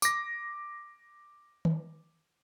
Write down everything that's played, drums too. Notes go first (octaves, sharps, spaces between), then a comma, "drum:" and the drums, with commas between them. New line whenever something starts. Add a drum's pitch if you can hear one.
D6 A#6, drum: tambourine
drum: tom D#3